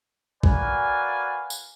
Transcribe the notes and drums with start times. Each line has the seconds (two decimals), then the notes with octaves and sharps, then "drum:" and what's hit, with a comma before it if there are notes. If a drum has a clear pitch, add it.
0.43 F#4 A#4 B4 D5 F5 G#5, drum: kick A#1
1.50 drum: tambourine